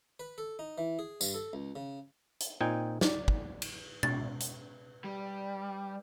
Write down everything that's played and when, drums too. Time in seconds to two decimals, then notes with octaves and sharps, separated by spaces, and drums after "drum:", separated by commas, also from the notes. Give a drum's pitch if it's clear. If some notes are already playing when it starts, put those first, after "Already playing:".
0.20 B4
0.38 A4
0.59 D#4
0.78 E3
0.99 G#4
1.21 G2, drum: tambourine
1.34 A4
1.53 C#2
1.76 C#3
2.40 drum: hi-hat
2.61 A#2 C4 D#4 G5 G#5
3.01 D5, drum: snare
3.28 drum: kick
3.62 drum: cymbal
4.03 A6, drum: tom B2
4.40 drum: hi-hat
5.04 G3